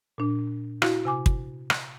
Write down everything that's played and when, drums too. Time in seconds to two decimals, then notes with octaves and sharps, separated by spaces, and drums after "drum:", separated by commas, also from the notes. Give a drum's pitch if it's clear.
0.18 A#2 D4
0.82 E4 F#4 F5, drum: rim click
1.05 C3 G#5 D6
1.26 drum: kick
1.70 drum: rim click